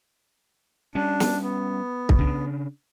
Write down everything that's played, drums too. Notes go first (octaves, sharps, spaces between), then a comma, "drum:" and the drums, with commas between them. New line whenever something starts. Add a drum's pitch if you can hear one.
G3 C#4 D4
drum: snare
B3
drum: kick
C#3 D4